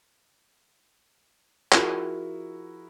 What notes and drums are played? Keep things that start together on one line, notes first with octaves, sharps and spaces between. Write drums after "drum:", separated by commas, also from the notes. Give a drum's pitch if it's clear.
F3 E4 F#4 G#4 A#4, drum: clap